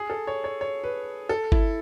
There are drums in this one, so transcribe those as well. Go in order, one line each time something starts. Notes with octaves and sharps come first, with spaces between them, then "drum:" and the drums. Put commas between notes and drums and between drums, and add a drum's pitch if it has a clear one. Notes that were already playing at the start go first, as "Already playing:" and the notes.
Already playing: G#4
A4
C#5
C#5
C#5
B4
A4
E4, drum: kick G1